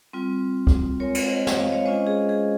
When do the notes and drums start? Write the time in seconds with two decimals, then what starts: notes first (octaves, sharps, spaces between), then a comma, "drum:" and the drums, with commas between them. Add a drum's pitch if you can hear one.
0.13 G3 C4 F4
0.67 drum: kick
1.00 G#3 C4 F4 A#4 C#5
1.15 drum: cymbal
1.28 C5 D#5
1.47 drum: snare
1.57 F5
1.65 D#5
1.72 C#5 F5
1.85 G#3 C#4 F4 C5 D#5
2.07 G#4
2.29 G#4